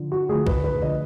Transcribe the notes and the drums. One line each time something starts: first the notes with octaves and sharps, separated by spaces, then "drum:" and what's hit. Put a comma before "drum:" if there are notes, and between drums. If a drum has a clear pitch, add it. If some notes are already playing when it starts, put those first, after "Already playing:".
Already playing: D3 F3
F#4
D2 D3 F3 G#4
B4, drum: kick
B4
D3 F3 D#5